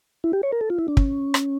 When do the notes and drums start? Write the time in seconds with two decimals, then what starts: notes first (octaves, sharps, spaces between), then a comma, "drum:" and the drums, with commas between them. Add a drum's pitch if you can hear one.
0.24 E4
0.33 G4
0.43 C#5
0.52 A#4
0.61 A4
0.70 F4
0.79 E4
0.88 D4
0.97 C#4, drum: kick
1.34 drum: rim click